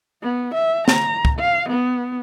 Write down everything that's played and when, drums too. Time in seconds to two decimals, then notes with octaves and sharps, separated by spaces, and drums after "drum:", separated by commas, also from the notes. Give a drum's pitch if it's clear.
0.23 B3
0.55 E5
0.88 A#5, drum: snare
1.25 drum: kick
1.39 F5
1.69 B3